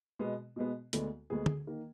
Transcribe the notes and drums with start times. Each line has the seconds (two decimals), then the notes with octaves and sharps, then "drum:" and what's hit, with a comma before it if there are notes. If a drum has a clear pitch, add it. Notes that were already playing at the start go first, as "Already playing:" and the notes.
0.19 B2 G#3 B3
0.56 B2 G#3 B3
0.93 D2 D3 G#3 B3, drum: hi-hat
1.30 D2 D3 G#3 B3 G#4
1.46 drum: tom
1.67 D#3 A#3